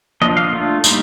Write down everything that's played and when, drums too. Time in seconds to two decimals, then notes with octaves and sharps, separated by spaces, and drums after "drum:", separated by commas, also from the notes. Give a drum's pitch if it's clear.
0.21 F3 A#3 D4 D#5
0.37 F5
0.53 A3 D4 F4
0.84 G3 A#3 D#4, drum: tambourine